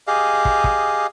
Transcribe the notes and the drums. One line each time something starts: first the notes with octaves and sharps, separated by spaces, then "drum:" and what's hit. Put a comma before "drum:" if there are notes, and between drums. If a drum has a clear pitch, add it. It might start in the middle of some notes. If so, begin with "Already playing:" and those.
G4 G#4 D#5 F5
drum: kick
drum: kick